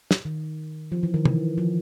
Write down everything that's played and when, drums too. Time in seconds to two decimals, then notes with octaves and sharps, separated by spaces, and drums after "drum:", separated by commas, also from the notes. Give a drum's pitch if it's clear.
0.11 drum: snare
0.25 D#3
0.92 F3
1.03 E3
1.14 D#3
1.25 E3, drum: tom
1.58 F3